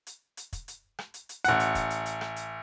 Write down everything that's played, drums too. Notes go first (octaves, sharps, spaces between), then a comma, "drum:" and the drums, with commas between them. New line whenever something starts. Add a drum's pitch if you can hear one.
drum: hi-hat
drum: hi-hat
drum: kick, hi-hat
drum: hi-hat
drum: rim click
drum: hi-hat
drum: hi-hat
A1 F#5, drum: hi-hat
drum: hi-hat
drum: kick, hi-hat
drum: hi-hat
drum: hi-hat
drum: rim click
drum: hi-hat